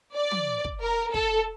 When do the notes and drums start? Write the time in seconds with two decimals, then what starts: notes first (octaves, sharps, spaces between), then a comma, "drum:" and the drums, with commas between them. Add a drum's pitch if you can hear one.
0.15 D5
0.31 drum: tom
0.64 drum: kick
0.81 A#4
1.14 A4, drum: kick